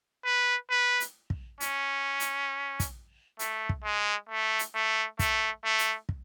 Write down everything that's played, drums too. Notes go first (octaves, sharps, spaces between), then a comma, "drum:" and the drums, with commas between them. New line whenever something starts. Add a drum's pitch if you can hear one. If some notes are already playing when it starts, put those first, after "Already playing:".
B4
B4
drum: hi-hat
drum: kick
C#4, drum: hi-hat
drum: hi-hat
drum: kick, hi-hat
A3, drum: hi-hat
drum: kick
G#3
A3
drum: hi-hat
A3
A3, drum: kick, hi-hat
A3
drum: hi-hat
drum: kick